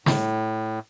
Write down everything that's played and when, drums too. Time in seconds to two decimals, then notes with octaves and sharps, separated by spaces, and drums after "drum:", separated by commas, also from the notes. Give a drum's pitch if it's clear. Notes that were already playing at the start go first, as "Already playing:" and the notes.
0.06 A2, drum: snare